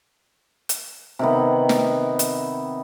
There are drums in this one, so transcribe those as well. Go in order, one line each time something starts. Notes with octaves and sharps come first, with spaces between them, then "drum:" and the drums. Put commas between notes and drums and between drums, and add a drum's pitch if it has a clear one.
drum: hi-hat
C3 D#3 B3
drum: snare
drum: hi-hat